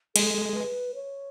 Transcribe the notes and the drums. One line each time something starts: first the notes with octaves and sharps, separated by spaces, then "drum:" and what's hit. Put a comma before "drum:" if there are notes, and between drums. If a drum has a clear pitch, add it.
G#3 A4, drum: cymbal
B4
C#5